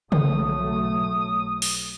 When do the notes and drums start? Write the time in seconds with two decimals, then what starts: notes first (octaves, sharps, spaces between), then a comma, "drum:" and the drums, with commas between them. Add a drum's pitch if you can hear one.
0.12 B1 F#3 A3 D#6, drum: tom C#3
1.62 drum: open hi-hat